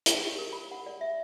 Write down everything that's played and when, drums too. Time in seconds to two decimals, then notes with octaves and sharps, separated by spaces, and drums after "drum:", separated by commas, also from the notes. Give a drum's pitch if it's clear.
0.06 G4, drum: hi-hat
0.25 G4
0.39 A#4
0.53 B5
0.71 F#5
0.86 D5
1.01 E5